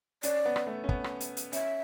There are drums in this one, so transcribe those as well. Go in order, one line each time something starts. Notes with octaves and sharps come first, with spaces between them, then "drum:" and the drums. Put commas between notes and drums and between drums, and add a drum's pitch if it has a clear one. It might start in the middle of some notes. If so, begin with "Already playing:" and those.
C#4 D5, drum: hi-hat
B3
drum: rim click
A3
C#4
B3, drum: kick
drum: rim click
drum: hi-hat
drum: hi-hat
C#4 E5, drum: hi-hat